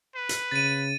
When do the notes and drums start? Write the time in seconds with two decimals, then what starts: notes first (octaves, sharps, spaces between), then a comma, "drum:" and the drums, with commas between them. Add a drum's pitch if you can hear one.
0.15 B4
0.29 drum: hi-hat
0.52 C#3 A6 D#7